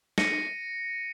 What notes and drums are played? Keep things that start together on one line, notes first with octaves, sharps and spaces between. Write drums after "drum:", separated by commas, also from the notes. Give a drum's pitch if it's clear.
A#6 C#7 D#7, drum: snare